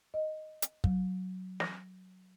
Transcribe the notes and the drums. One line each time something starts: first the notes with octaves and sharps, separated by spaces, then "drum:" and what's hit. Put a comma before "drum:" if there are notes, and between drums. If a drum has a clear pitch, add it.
D#5
drum: hi-hat
F#3, drum: kick
A#6, drum: snare